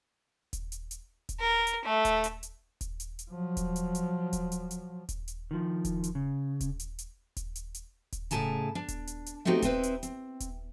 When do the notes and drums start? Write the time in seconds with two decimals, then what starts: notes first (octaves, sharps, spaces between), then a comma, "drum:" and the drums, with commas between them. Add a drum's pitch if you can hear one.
0.53 drum: kick D#1, hi-hat
0.72 drum: hi-hat
0.91 drum: hi-hat
1.29 drum: kick D#1, hi-hat
1.39 A#4
1.67 drum: hi-hat
1.84 A3
2.05 drum: kick D#1, hi-hat
2.24 drum: hi-hat
2.43 drum: hi-hat
2.81 drum: kick D#1, hi-hat
3.00 drum: hi-hat
3.19 drum: hi-hat
3.30 F3 F#3
3.57 drum: kick D#1, hi-hat
3.76 drum: hi-hat
3.95 drum: hi-hat
4.33 drum: kick D#1, hi-hat
4.52 drum: hi-hat
4.71 drum: hi-hat
5.09 drum: kick D#1, hi-hat
5.28 drum: hi-hat
5.51 D#3 F3
5.85 drum: kick D#1, hi-hat
6.04 drum: hi-hat
6.15 C#3
6.61 drum: kick D#1, hi-hat
6.80 drum: hi-hat
6.99 drum: hi-hat
7.37 drum: kick D#1, hi-hat
7.55 drum: hi-hat
7.74 drum: hi-hat
8.12 drum: kick D#1, hi-hat
8.31 A2 C#3 E4 G#4 A5 A#5, drum: hi-hat
8.75 D4
8.88 drum: kick D#1, hi-hat
9.07 drum: hi-hat
9.26 drum: hi-hat
9.45 A3 B3 C4 D#4 F#4 G4
9.62 C4 D#4 E4 B4 C5, drum: kick D#1, hi-hat
9.83 drum: hi-hat
10.03 C4, drum: hi-hat
10.40 drum: kick D#1, hi-hat